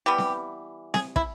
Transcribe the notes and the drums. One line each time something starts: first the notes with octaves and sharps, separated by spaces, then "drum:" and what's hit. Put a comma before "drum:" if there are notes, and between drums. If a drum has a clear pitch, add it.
E3 G3 B3 G4
drum: snare C4
G#4, drum: snare C4
E4, drum: kick